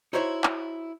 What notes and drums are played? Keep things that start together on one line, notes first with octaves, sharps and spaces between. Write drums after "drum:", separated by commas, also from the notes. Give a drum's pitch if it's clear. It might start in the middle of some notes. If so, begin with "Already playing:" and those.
D#4 E4 F#4 C5 C#5 E5
drum: clap